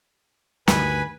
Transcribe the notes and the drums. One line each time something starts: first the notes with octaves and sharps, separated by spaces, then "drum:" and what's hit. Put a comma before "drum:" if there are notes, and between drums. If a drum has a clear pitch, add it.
D2 G2 D#3 B4 G#5 B5, drum: snare